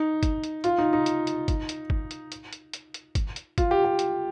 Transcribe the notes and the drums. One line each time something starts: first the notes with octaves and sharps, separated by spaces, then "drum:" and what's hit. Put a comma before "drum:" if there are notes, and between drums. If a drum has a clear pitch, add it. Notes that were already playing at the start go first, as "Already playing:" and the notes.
Already playing: D#4
drum: kick G1, hi-hat
drum: hi-hat
F4, drum: hi-hat
D#4
D#4
drum: hi-hat
drum: hi-hat
drum: kick G1, hi-hat
drum: hi-hat
drum: kick G1
drum: hi-hat
drum: hi-hat
drum: hi-hat
drum: hi-hat
drum: hi-hat
drum: kick G1, hi-hat
drum: hi-hat
F4, drum: kick G1, hi-hat
G4
G4
drum: hi-hat